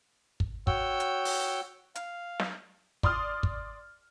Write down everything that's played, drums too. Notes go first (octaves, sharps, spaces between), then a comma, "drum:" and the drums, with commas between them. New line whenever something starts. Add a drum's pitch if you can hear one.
drum: kick
F#4 C#5 G5 E6, drum: kick
drum: hi-hat
drum: open hi-hat
F5, drum: hi-hat
drum: snare
D5 C6 D#6 F6, drum: kick
drum: kick